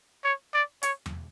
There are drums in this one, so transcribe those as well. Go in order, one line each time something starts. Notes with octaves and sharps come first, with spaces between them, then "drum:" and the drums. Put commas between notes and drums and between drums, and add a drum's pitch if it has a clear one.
C#5
D5
C#5, drum: hi-hat
drum: tom E2